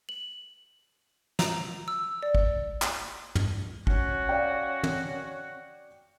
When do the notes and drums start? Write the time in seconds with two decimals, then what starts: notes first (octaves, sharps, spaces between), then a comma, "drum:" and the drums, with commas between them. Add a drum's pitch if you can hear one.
0.09 F#7
1.39 A#5, drum: snare
1.88 E6
2.23 D5
2.35 drum: kick G#1
2.82 drum: clap
3.35 drum: tom
3.87 C#4 F#4, drum: kick G#1
4.29 D5 F5 G5
4.83 drum: tom